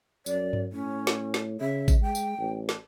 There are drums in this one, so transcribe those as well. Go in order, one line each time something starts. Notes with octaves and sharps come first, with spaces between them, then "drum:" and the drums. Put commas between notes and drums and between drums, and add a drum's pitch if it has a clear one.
F#2 D5, drum: tambourine
drum: tom G2
A2 C#4
drum: snare
drum: snare
C#3 E5
drum: kick G#1, tambourine
G#3 G5
drum: tambourine
A1
drum: snare